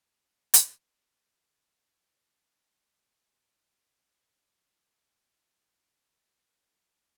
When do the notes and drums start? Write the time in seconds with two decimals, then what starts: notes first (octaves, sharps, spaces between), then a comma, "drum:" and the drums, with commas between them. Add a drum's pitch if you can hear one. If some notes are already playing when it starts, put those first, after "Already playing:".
0.11 D#3 A#3 D5
0.54 drum: hi-hat
2.63 B3 D#4 G5
2.86 A4 F5 G#5 D#6
3.27 G2 C#4 A4
3.42 G4 C#7
3.72 A#5
3.89 G#6
5.49 D#4 G4 B4
5.87 D4 E4
6.21 D3 A#3 F4 F#4
6.51 A#4